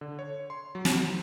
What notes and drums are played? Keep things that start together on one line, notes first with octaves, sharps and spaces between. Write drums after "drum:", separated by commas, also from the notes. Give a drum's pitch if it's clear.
D3
C#5
C6
F#3
drum: snare